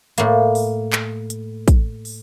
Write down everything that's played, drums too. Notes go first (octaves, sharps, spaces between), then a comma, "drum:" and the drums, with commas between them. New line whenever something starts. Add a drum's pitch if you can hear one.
A2 A#3, drum: hi-hat
drum: open hi-hat
drum: clap
drum: hi-hat
drum: kick, hi-hat
drum: open hi-hat